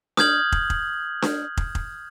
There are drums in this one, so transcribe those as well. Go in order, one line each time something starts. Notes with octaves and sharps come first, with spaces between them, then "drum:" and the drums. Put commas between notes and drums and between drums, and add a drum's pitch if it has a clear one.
D#6 F6 G6 G#6 F#7, drum: snare D4
drum: kick
drum: kick
drum: snare D4
drum: kick
drum: kick